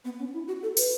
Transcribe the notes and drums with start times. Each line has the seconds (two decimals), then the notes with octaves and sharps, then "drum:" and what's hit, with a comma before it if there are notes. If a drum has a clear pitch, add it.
0.05 B3
0.20 C#4
0.34 E4
0.48 F#4
0.63 A4
0.77 B4, drum: hi-hat